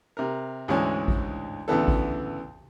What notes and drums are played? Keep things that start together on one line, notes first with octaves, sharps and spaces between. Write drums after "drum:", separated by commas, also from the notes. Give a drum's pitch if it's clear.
C3 A#4
D2 G#2 D3 E3 G#3 C#4
drum: kick A1
D2 C#3 E3 B3 A4
drum: kick A1